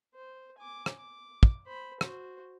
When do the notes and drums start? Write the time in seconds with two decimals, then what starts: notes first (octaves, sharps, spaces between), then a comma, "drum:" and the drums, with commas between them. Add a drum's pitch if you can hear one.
0.14 C5
0.58 G#5 D6
0.86 drum: rim click
0.99 D6
1.43 drum: kick
1.66 C5 B5
2.01 F#4 C5, drum: rim click